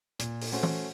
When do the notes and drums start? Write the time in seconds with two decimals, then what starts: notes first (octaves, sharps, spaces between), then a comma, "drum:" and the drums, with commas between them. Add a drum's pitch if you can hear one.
0.19 A#2, drum: hi-hat
0.41 drum: open hi-hat
0.52 A3 C#4 F#4 C5
0.63 drum: tom E3